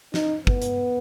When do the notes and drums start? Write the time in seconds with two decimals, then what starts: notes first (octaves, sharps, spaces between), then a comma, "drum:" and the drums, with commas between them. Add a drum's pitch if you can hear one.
0.14 D#4, drum: snare
0.47 B3, drum: kick
0.62 drum: hi-hat